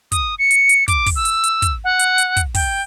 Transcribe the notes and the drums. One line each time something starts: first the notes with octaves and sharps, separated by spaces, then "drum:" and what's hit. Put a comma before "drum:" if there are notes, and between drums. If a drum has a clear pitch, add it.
D#6, drum: kick, hi-hat
C#7
drum: hi-hat
drum: hi-hat
D6, drum: kick, hi-hat
drum: kick, open hi-hat
E6
drum: hi-hat
drum: hi-hat
drum: kick, hi-hat
F#5
drum: hi-hat
drum: hi-hat
drum: kick, hi-hat
G5, drum: kick, open hi-hat